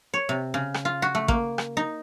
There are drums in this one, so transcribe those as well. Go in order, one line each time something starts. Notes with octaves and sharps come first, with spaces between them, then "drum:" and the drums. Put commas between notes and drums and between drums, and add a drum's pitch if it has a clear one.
C#5
C3
C#3
drum: rim click
F4
F#4
A3
A#3, drum: kick
drum: rim click
D#4